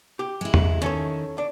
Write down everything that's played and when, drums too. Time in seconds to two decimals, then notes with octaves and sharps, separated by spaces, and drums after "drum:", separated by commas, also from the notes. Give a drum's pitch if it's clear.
0.19 G4
0.41 G#3 E4
0.54 drum: tom
0.82 D#3 C#4 A4 C#5
1.38 D4